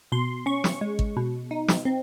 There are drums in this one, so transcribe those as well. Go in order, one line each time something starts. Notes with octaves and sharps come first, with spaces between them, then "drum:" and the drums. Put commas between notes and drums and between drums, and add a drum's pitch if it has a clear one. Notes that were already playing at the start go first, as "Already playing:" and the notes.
B2 C6
C#4 C#6
drum: snare
G#3
drum: kick
B2
D#4
drum: snare
C4